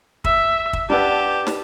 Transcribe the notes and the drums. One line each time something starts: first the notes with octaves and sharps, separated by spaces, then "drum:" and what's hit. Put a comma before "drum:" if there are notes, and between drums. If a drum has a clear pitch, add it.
E5, drum: kick
drum: kick
D4 G4 B4 F#5 A5
drum: snare